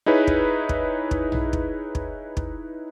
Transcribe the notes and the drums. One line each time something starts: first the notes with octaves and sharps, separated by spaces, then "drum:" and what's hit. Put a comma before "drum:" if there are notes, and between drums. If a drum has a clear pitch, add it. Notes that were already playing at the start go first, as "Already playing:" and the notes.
D#4 E4 G#4 B4 C#5
drum: kick
drum: kick
drum: kick
drum: tom A#1
drum: kick
drum: kick
drum: kick